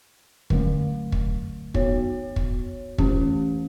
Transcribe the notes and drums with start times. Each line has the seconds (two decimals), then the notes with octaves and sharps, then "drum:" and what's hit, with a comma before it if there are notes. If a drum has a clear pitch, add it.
0.50 D3 F#3 A3, drum: kick
1.12 drum: kick
1.74 B3 F#4 C#5, drum: kick
2.36 drum: kick
2.98 E3 A3 C#4 G4, drum: kick